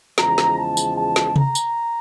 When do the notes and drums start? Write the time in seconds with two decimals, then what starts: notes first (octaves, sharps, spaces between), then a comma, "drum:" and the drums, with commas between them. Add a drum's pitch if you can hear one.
0.18 E2 C#3 F3 G#3 A#5, drum: snare
0.38 drum: snare
0.58 A5
0.77 drum: tambourine
0.96 A5
1.16 drum: snare
1.36 A#5, drum: tom C3
1.55 drum: tambourine